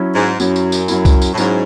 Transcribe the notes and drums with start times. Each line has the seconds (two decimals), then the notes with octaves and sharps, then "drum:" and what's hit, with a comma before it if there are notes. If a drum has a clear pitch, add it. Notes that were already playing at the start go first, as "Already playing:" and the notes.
Already playing: F#3 C#4 E4
0.15 G#2
0.40 F#2 F#3 C#4 E4, drum: tambourine
0.56 drum: tambourine
0.72 drum: tambourine
0.88 F#3 C#4 E4, drum: tambourine
1.05 drum: kick C2, tambourine
1.22 drum: tambourine
1.34 A2
1.37 G#2 F#3 C#4 E4, drum: tambourine